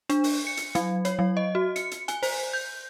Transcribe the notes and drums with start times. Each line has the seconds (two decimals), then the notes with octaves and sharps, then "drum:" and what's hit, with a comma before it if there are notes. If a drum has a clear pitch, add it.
0.09 D4, drum: hi-hat
0.24 drum: open hi-hat
0.47 C#7
0.57 drum: hi-hat
0.75 F#3, drum: hi-hat
1.05 C#5, drum: hi-hat
1.19 F#3
1.37 D#5
1.55 F#4
1.76 C#7, drum: hi-hat
1.91 drum: hi-hat
2.08 G#5, drum: hi-hat
2.23 C5, drum: open hi-hat
2.53 G6